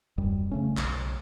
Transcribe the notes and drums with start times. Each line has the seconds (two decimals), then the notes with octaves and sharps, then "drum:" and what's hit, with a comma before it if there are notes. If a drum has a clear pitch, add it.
0.18 D#1 F#2 G3
0.51 C#3 A3 C#4
0.77 B1, drum: clap